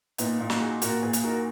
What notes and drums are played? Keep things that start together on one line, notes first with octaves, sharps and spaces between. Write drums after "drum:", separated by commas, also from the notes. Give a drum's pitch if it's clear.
A#2 B3 D#4, drum: hi-hat
A#2
D#4 F#4, drum: snare
G#4
A#2 F#4 A#4, drum: hi-hat
A#2 G#4 B4
drum: hi-hat
D#4 F#4 A#4